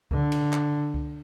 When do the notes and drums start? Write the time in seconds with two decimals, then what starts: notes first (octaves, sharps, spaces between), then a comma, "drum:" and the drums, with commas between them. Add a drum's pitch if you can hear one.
0.11 D3, drum: kick C#2
0.32 drum: cymbal
0.53 drum: clap
0.94 drum: kick C#2